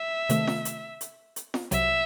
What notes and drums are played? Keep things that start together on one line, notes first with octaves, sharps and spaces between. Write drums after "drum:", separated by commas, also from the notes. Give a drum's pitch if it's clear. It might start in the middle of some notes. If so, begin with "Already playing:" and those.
Already playing: E5
C3 D#3 A3, drum: hi-hat
drum: snare F4
drum: hi-hat
drum: hi-hat
drum: hi-hat
drum: snare F4
C2 C3 F#3 E5, drum: hi-hat